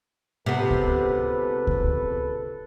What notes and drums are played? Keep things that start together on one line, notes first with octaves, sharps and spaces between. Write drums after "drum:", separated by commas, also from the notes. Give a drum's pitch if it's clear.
C#2 C3 B3 A4 B4
drum: kick C#2
drum: kick C#2